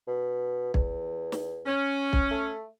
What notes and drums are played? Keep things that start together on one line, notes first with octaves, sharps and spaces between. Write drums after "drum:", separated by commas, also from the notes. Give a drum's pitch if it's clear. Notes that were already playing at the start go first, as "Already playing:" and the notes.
B2
E2, drum: kick
drum: snare
C#4
drum: kick
A3